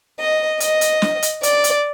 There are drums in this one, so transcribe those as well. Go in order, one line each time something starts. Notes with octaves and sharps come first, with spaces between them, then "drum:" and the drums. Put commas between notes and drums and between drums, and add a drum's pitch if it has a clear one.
D#5
D#5, drum: hi-hat
drum: hi-hat
drum: snare
drum: hi-hat
D5, drum: hi-hat
drum: hi-hat